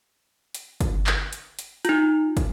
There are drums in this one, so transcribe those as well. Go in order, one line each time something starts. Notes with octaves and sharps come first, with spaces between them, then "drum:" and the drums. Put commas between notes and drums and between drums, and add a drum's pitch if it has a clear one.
drum: hi-hat
drum: kick, hi-hat
drum: clap
drum: hi-hat
drum: hi-hat
D#4 F4, drum: hi-hat
drum: kick, hi-hat